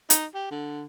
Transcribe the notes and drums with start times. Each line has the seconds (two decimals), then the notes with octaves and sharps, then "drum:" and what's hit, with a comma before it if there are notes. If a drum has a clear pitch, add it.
0.10 D#4, drum: hi-hat
0.35 G4
0.51 D3